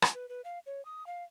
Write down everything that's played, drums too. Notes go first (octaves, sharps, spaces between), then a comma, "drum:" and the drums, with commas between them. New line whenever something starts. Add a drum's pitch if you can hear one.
A5, drum: rim click
B4
B4
F5
C#5
D#6
F5